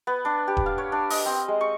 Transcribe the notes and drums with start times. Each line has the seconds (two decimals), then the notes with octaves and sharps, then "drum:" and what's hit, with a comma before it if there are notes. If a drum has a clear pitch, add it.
0.07 B3
0.25 D4
0.48 G4
0.57 drum: kick D#1
0.66 F5
0.78 C#5
0.92 D4
1.10 D#5, drum: open hi-hat
1.26 C4
1.48 G#3
1.61 C#6